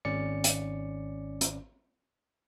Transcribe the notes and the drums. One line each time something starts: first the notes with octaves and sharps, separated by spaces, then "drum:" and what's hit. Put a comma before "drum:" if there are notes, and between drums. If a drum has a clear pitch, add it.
G#1 C#4 D5 C#7
drum: hi-hat
drum: hi-hat